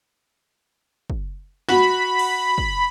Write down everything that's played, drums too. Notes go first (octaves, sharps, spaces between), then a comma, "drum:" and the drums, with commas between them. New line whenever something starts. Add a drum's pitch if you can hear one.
drum: kick
F#4 B5, drum: snare
drum: cymbal
drum: kick